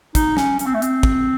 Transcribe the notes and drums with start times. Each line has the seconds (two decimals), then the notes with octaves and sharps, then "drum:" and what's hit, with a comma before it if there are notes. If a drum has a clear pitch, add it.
0.15 D#4, drum: kick, hi-hat
0.37 C#4, drum: snare
0.59 C#4, drum: hi-hat
0.66 C4
0.74 A3
0.82 C4, drum: hi-hat
1.03 drum: kick